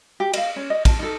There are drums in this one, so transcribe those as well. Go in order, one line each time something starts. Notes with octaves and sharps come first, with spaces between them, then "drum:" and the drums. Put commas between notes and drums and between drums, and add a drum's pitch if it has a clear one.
G4
D#5 F5, drum: cymbal
C#4
D#5
A5, drum: kick, cymbal
D#4 A4